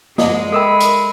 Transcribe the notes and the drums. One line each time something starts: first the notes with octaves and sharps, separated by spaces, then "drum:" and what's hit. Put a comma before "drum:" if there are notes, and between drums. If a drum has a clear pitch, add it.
G#3 D5 D#5, drum: snare
A4 A#4 E5 G5 B5
drum: hi-hat